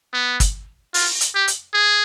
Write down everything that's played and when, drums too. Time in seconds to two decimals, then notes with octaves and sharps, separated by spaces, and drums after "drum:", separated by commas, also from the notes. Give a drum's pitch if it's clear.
0.14 B3
0.40 drum: kick, hi-hat
0.94 F4, drum: open hi-hat
1.21 drum: hi-hat
1.35 G4
1.48 drum: hi-hat
1.74 G#4